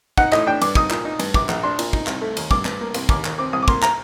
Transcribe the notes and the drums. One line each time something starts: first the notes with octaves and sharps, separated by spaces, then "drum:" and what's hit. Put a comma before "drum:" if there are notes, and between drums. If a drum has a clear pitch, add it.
D#4 F#5, drum: kick
A2 D#5, drum: clap
D4 G5
G2 D6, drum: cymbal
D#4 D#6, drum: kick
A#2, drum: clap
D#4
G2, drum: cymbal
A#1 D6, drum: kick
A#1, drum: clap
D4 C6
A#2, drum: cymbal
D#4, drum: kick
C2, drum: clap
A3
D#2, drum: cymbal
G2 D6, drum: kick
G2, drum: clap
A#3
C2, drum: cymbal
D#2 D6, drum: kick
D#2, drum: clap
C4 D6
C2 D#6
D6
A#3 C6, drum: kick
A#5, drum: clap